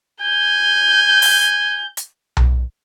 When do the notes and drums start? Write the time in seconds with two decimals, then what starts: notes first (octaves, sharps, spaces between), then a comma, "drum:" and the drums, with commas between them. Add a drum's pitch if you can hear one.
0.21 G#5 G6
1.22 drum: open hi-hat
1.97 drum: hi-hat
2.37 drum: tom B1